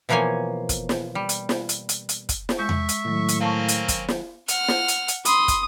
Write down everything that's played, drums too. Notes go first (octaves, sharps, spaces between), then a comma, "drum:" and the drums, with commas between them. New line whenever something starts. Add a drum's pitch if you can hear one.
B2 E3 F3 A#3 C#5 G#5
drum: kick, hi-hat
drum: snare
G3
drum: hi-hat
drum: snare
drum: hi-hat
drum: hi-hat
drum: hi-hat
drum: kick, hi-hat
drum: snare
G#3 E5 C#6 G6
drum: tom E2
drum: hi-hat
A2 D#3 F#3
drum: hi-hat
A#3 C4 C#4 F5 A5 C#6
drum: hi-hat
drum: kick, hi-hat
drum: snare
F#5 F6, drum: hi-hat
drum: snare
drum: hi-hat
drum: hi-hat
B5 C6 D#6, drum: hi-hat
drum: kick, hi-hat